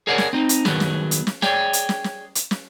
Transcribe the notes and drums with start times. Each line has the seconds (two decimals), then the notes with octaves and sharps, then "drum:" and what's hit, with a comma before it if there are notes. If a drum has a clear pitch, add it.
0.07 G#4 A#4 C#5 D5 F#5 G#5
0.18 drum: snare
0.33 C4 D#4
0.49 drum: hi-hat
0.65 D#3 F#3 G3 B3 G#4, drum: snare
0.80 drum: snare
1.11 drum: hi-hat
1.27 drum: snare
1.42 G#4 C#5 D5 G5, drum: snare
1.73 drum: hi-hat
1.89 drum: snare
2.04 drum: snare
2.35 drum: hi-hat
2.51 drum: snare